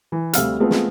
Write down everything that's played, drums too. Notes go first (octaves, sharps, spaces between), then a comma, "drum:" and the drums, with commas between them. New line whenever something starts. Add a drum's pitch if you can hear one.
E3
D2 G3 C4 F5 E6 F6, drum: hi-hat
G#3 A3 B3 C4 F4
drum: snare